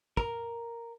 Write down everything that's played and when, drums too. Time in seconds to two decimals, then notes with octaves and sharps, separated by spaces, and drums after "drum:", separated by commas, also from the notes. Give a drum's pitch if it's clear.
0.17 A#4, drum: kick